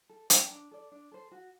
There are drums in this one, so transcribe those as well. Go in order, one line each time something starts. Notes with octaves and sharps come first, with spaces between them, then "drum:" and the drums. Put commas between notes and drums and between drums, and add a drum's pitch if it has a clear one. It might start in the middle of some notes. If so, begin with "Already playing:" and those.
A4
D5 G5 A#5, drum: hi-hat
D4
A4 D5
D4
A4 C5
F#4